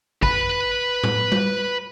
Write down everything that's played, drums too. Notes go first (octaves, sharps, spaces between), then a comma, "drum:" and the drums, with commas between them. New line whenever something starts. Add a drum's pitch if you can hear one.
B4 B5, drum: kick G#1
drum: tom A2
drum: tom G3